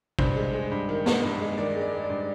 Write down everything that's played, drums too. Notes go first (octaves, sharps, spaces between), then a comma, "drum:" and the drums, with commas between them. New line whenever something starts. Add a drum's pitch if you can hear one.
G2 C5, drum: kick
G#3
G#3
G2
D#3
G#3, drum: snare
G2
G#3
D#3 D5
G#3
D5
G#3
D5
G2